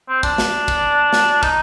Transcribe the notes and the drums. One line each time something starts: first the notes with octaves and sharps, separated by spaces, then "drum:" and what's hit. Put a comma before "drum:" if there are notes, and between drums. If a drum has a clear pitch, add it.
C4
D4, drum: kick
drum: snare
drum: kick
drum: snare
D#4, drum: kick